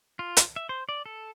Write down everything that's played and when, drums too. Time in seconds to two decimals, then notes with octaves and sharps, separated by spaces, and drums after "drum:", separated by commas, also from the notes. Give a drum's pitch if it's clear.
0.19 F4
0.37 drum: hi-hat
0.56 E5
0.69 C5
0.89 D5
1.06 A4